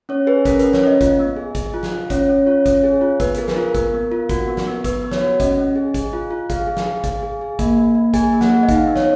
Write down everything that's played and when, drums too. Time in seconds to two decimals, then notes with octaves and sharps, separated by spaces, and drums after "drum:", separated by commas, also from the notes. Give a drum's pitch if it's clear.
0.09 C#4 C#5
0.27 G#4 B4
0.45 C#4 A#4, drum: kick G#1, hi-hat
0.59 C#4 B4, drum: hi-hat
0.73 C#5, drum: snare
0.82 C#4 D#5
1.01 F4, drum: kick G#1, hi-hat
1.19 B3
1.37 G#4
1.55 G#4, drum: kick G#1, hi-hat
1.74 F4
1.83 drum: snare
1.92 F4
2.10 C#4 C#5, drum: kick G#1, hi-hat
2.29 C#4
2.46 F4 C#5
2.66 C#4, drum: kick G#1, hi-hat
2.84 G#4
3.01 F4
3.20 B3 B4, drum: kick G#1, hi-hat
3.34 G#4 A#4, drum: hi-hat
3.48 B4, drum: snare
3.56 F4 A#4
3.75 B3, drum: kick G#1, hi-hat
3.94 B3
4.12 F4
4.29 F#4, drum: kick G#1, hi-hat
4.48 B3
4.57 drum: snare
4.67 B3
4.84 B3 B4, drum: kick G#1, hi-hat
5.03 B3
5.12 C#5, drum: snare
5.21 F#4
5.40 C#4 D#5, drum: kick G#1, hi-hat
5.58 C#4
5.76 G#4
5.94 G#4, drum: kick G#1, hi-hat
6.13 F4
6.31 F4
6.50 G#4 F5, drum: kick G#1, hi-hat
6.67 G#4
6.77 drum: snare
6.86 G#4
7.04 G#4, drum: kick G#1, hi-hat
7.23 G#4
7.41 G#4
7.59 A#3, drum: kick G#1, hi-hat
7.78 A#3
7.95 A#3
8.14 G#4 G#5, drum: kick G#1, hi-hat
8.33 A#3
8.41 F#5, drum: snare
8.50 G#4
8.63 D#5
8.69 D#4 F5, drum: kick G#1, hi-hat
8.88 B3
8.96 C#5, drum: snare